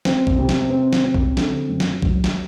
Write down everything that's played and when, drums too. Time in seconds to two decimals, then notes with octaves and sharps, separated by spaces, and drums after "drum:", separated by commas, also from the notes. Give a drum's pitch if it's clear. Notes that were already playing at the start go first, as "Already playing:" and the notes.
0.05 C4, drum: snare
0.27 drum: kick
0.38 C3
0.49 drum: snare
0.70 C4
0.93 drum: snare
1.04 C4
1.14 drum: kick
1.37 D3, drum: snare
1.69 F#2
1.80 drum: snare
2.02 F#3, drum: kick
2.24 drum: snare